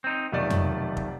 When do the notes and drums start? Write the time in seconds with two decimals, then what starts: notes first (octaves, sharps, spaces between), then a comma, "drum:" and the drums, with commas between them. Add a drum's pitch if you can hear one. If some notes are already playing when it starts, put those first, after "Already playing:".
0.04 C4 D#4
0.32 F1 B1 D#3 A3 D5
0.50 drum: tom F2
0.97 drum: kick